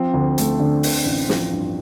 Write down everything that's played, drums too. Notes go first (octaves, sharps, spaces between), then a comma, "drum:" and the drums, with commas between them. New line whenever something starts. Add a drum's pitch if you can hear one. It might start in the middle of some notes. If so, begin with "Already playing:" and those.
Already playing: F3 C4
D2
A3, drum: hi-hat
D3
C4, drum: open hi-hat
A1
F3, drum: snare
G2